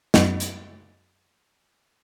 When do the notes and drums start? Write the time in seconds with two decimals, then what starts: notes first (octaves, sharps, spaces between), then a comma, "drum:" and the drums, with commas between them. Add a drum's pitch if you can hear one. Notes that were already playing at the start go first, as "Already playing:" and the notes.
0.14 F#2 F#3 B3 C#4, drum: snare
0.40 drum: hi-hat